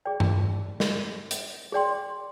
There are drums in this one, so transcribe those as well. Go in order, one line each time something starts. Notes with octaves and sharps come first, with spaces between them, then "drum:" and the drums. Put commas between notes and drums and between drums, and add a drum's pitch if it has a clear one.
G#4 D5 G5
drum: tom G2
drum: snare
drum: hi-hat
G#4 D5 G5 C6